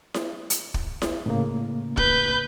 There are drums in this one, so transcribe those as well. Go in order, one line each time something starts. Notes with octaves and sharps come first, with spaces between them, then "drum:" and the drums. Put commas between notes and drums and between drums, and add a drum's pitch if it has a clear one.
drum: snare E4
drum: hi-hat
drum: kick
drum: snare E4
A2 C#3 A#3
B4 G6, drum: kick